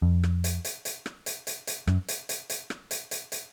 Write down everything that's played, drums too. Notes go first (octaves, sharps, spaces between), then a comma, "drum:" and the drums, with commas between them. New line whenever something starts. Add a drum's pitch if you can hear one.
F2
drum: rim click
drum: hi-hat
drum: hi-hat
drum: hi-hat
drum: rim click
drum: hi-hat
drum: hi-hat
drum: hi-hat
F#2, drum: rim click
drum: hi-hat
drum: hi-hat
drum: hi-hat
drum: rim click
drum: hi-hat
drum: hi-hat
drum: hi-hat